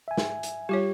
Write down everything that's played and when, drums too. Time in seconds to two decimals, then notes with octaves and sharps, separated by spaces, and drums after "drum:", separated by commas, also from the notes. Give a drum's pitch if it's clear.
0.08 E5 G#5
0.17 drum: snare
0.43 drum: hi-hat
0.69 G3 F4 G4 C#5